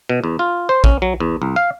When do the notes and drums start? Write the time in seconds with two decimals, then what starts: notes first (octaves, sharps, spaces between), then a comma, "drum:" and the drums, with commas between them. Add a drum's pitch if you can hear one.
0.09 B2
0.24 E2
0.39 F4
0.69 C5
0.84 C#4, drum: kick
1.02 F#3
1.20 E2
1.42 C2
1.56 F5